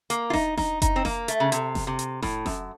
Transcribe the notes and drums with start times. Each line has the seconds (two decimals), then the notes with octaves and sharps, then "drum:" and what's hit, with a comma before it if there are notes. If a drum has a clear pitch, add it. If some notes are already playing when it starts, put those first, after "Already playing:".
0.10 A#3, drum: hi-hat
0.30 F4
0.33 D#4, drum: snare F1
0.57 D#4, drum: snare F1
0.82 D#4, drum: kick F#1, hi-hat
0.96 C4
1.05 A#3, drum: snare F1
1.28 A3, drum: hi-hat
1.40 C#3
1.52 C3, drum: hi-hat
1.75 drum: snare F1
1.87 C3
1.99 drum: hi-hat
2.22 A2, drum: snare F1
2.46 F#2, drum: snare F1